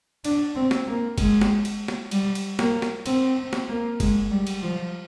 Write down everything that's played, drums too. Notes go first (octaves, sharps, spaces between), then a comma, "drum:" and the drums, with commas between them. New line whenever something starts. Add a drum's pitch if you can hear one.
D4, drum: cymbal
C4
drum: snare
A#3
G#3, drum: kick, cymbal
drum: snare
drum: cymbal
drum: snare
G3, drum: cymbal
drum: cymbal
A#3, drum: snare
drum: snare
C4, drum: cymbal
C4
drum: snare
A#3
G#3, drum: kick, cymbal
G3
drum: cymbal
F3